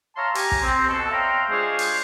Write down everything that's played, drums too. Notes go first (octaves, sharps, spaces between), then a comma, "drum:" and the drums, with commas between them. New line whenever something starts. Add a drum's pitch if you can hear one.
C#5 E5 F5 A5 A#5 C6
G4 G#5 A#5, drum: open hi-hat
drum: kick
C4
B2 A4
C5 C#5 E5 F5 G5 A#5
G#3 D4 F4 G#4 C5 C#5
drum: open hi-hat